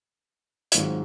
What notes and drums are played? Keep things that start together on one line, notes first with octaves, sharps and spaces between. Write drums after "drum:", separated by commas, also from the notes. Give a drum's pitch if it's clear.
G#2 D#3 F#3 C4 F4, drum: hi-hat